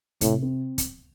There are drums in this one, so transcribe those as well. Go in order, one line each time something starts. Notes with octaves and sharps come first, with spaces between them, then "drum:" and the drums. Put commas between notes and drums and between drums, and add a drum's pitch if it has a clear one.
A2 C3, drum: kick, hi-hat
C4
drum: kick, hi-hat